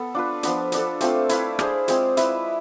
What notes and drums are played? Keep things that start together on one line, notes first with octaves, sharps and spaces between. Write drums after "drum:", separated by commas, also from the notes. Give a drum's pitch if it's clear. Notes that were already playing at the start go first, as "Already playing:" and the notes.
Already playing: B3 A4
D4 F4 B4
F3 B3 D4, drum: hi-hat
B3 D4 A4, drum: hi-hat
A3 C4 F4 A4, drum: hi-hat
E4 B4 F5, drum: hi-hat
D4 G#4 C5, drum: rim click
G#3 C4 F4, drum: hi-hat
E4 B4 E5, drum: hi-hat